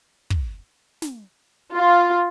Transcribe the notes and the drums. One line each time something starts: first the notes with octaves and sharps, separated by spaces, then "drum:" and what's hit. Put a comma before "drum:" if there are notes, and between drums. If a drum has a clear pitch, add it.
drum: kick
drum: snare
F4